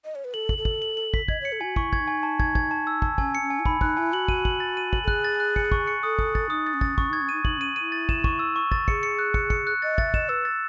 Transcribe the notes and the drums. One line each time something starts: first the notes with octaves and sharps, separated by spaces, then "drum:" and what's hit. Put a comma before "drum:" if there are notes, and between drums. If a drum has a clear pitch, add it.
D#5
C#5
B4
A4 F#7
F#7, drum: kick
A4
F#7, drum: kick
F#7
F#7
B6, drum: kick
D#5 G#6, drum: kick
C#5 C#7
A4
E4 F#4 G#5
E4 C#6, drum: kick
G#6, drum: kick
D#4
G#5
A5
G#6, drum: kick
G#6, drum: kick
A5
E6
A5, drum: kick
C#4 G#5, drum: kick
C#7
C#4
G#5
E4
D#4 B5, drum: kick
D#4 F#6, drum: kick
E4 G#5
F#4 F#7
D#7, drum: kick
F#7, drum: kick
A6
D#7
F#7, drum: kick
A4
G#4 F#6, drum: kick
A6
F#6
C#7, drum: kick
C#6, drum: kick
C#7
A4 D#6
D#6, drum: kick
A6, drum: kick
D#4 D#6
A6
C#4
A6, drum: kick
C#4 C#6, drum: kick
D#4 G#6
C#4
D#4 D#7
D#4 F#7, drum: kick
C#4 D#7
E4 D#7
A6
E7, drum: kick
C#6, drum: kick
E6
C#6
A6, drum: kick
G#4 C#7, drum: kick
C#7
F#6
C#7, drum: kick
C#7, drum: kick
F#6
D#5 A6
E5 A6, drum: kick
D#5 E7, drum: kick
B4 E6
A6